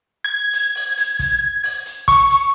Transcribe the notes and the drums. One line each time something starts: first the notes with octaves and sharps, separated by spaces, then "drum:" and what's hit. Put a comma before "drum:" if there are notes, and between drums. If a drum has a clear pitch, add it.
G#6
drum: hi-hat
drum: open hi-hat
drum: hi-hat
drum: kick, hi-hat
drum: open hi-hat
drum: hi-hat
C#6, drum: kick, hi-hat
drum: hi-hat